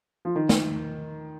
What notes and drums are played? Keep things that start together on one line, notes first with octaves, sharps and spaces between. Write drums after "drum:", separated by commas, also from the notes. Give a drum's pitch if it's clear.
F3
D#3
drum: snare